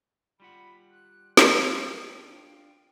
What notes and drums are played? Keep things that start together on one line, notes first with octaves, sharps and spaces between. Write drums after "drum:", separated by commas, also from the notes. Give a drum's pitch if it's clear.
G3 F4 F#5 B5
F#6
G5, drum: snare
D4 F4